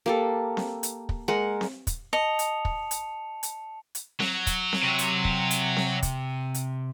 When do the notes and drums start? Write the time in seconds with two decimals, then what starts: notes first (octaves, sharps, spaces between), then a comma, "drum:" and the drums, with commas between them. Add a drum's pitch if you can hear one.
0.06 A#3 G4 A4
0.57 drum: snare C4
0.83 drum: hi-hat
1.09 drum: kick
1.28 G#3 A#4 F#5
1.61 drum: snare C4
1.87 drum: kick, hi-hat
2.13 D#5 A5 C#7 F7
2.39 drum: hi-hat
2.65 drum: kick
2.91 drum: hi-hat
3.43 drum: hi-hat
3.95 drum: hi-hat
4.20 F#3, drum: snare C4
4.47 drum: kick, hi-hat
4.73 drum: snare C4
4.82 C3
4.99 drum: hi-hat
5.25 drum: kick
5.51 drum: hi-hat
5.77 drum: snare C4
6.03 drum: kick, hi-hat
6.54 drum: hi-hat